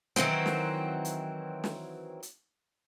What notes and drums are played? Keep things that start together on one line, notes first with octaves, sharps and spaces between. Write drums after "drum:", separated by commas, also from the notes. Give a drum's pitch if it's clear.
D#3 E3 F#3 C4, drum: snare
drum: snare
drum: hi-hat
drum: snare
drum: hi-hat